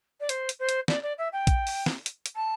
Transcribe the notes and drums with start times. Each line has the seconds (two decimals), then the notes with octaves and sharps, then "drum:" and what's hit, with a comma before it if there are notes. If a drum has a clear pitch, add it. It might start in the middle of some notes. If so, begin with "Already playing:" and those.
0.20 D5
0.29 C5, drum: hi-hat
0.49 drum: hi-hat
0.59 C5
0.69 drum: hi-hat
0.88 D5, drum: snare
1.03 D5
1.18 E5
1.32 G5
1.47 drum: kick, hi-hat
1.67 drum: open hi-hat
1.86 drum: snare
2.06 drum: hi-hat
2.26 drum: hi-hat
2.35 A5